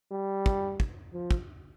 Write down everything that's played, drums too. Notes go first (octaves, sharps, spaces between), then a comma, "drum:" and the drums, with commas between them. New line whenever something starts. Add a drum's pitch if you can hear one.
G3
drum: kick
drum: kick
F3
drum: kick